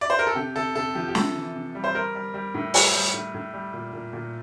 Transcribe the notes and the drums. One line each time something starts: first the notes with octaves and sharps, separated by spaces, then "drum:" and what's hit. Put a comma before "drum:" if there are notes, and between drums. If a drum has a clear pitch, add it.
D5
C5
A#4
A4
C3 G4
C3 A4
C3 A4
F3 G4
G4
C3 A4, drum: snare
E3
C3
G3
C5
G3 A#4
G3
G3
A2
G3, drum: open hi-hat
G3
A2
A2
G3
A#2
A#2
A#2